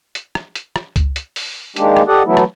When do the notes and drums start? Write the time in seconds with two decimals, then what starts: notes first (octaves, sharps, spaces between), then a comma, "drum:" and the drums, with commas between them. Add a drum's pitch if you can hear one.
0.15 drum: hi-hat
0.35 drum: rim click
0.55 drum: hi-hat
0.76 drum: rim click
0.96 drum: kick C#2, hi-hat
1.16 drum: hi-hat
1.36 drum: open hi-hat
1.76 D#3 G#3 A#3 D4 G4, drum: hi-hat
1.97 drum: rim click
2.07 G4 A4 D5 D#5 F#5
2.25 E3 F#3 A3 B3 E4
2.37 drum: rim click